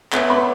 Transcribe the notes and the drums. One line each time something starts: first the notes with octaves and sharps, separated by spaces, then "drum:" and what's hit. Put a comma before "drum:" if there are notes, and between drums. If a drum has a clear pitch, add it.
B3 C#5 E5, drum: clap
B3 B5 D6